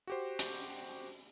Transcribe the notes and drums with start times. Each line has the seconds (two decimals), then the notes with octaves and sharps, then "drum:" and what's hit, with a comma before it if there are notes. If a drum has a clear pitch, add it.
0.07 F#4 G4 C5
0.39 drum: hi-hat